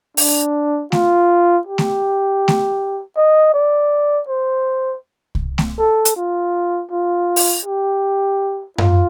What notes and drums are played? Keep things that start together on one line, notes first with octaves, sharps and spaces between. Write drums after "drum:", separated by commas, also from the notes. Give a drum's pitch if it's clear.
D4, drum: open hi-hat
F4, drum: snare A3
G4
drum: snare A3
drum: snare A3
D#5
D5
C5
drum: kick C2
drum: snare A3
A4
drum: hi-hat
F4
F4
drum: open hi-hat
G4
F4, drum: tom F#2